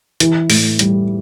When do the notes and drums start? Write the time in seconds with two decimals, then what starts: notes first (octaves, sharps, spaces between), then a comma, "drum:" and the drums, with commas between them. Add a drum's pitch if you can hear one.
0.20 E3, drum: hi-hat
0.50 A2, drum: open hi-hat
0.79 G3, drum: hi-hat